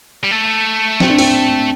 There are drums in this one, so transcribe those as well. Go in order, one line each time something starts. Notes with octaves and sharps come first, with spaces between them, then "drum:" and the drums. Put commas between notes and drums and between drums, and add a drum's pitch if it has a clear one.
G3
A3
C4, drum: snare
D4
C4, drum: open hi-hat